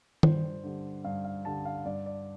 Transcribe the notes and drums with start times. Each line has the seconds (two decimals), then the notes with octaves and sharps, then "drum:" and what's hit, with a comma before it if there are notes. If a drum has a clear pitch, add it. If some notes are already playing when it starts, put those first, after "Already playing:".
0.23 G2 C5, drum: tom D#3
0.64 D3 G3
1.05 G2 F5
1.24 F5
1.45 D3 G3 A5
1.65 F5
1.85 G2 D5
2.06 D5